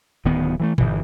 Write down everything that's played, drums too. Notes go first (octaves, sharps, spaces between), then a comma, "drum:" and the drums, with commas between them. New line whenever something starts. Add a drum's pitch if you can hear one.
D1 D#3 B3
E3 F#3 A3
G1 E3, drum: tom A#2